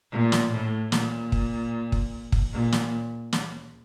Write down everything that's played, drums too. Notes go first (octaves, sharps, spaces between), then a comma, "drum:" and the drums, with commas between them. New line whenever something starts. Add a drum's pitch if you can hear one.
A#2
drum: snare
A2
A#2, drum: snare
drum: kick
drum: kick
drum: kick
A#2
drum: snare
drum: snare